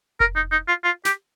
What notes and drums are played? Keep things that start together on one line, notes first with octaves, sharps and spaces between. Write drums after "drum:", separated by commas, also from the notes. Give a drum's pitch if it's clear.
A#4, drum: kick F1
D#4
D#4
F4
F4
G4, drum: snare